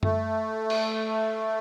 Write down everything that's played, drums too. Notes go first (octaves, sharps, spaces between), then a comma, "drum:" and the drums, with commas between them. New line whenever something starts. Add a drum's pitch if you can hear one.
A3, drum: tom F#2
drum: cymbal